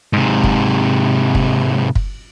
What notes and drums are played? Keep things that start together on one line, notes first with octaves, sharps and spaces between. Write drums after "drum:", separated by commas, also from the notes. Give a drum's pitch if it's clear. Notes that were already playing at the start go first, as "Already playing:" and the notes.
G#2 C3
drum: kick
drum: kick
drum: kick